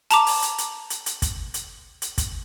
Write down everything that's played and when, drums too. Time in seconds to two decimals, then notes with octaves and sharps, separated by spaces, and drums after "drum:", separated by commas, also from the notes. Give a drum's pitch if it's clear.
0.11 A5 A#5 D6, drum: hi-hat
0.26 drum: open hi-hat
0.42 drum: hi-hat
0.58 drum: hi-hat
0.90 drum: hi-hat
1.06 drum: hi-hat
1.22 drum: kick, hi-hat
1.54 drum: hi-hat
2.02 drum: hi-hat
2.18 drum: kick, hi-hat